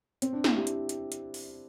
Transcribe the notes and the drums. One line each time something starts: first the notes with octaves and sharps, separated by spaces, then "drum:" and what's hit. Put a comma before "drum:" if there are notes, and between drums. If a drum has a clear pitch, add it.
C4, drum: hi-hat
D4
E4, drum: snare
G4
drum: hi-hat
drum: hi-hat
drum: hi-hat
drum: open hi-hat